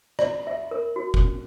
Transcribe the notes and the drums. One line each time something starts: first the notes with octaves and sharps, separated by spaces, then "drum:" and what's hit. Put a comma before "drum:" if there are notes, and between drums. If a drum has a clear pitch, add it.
D5, drum: rim click
E5
A#4
F#4
drum: kick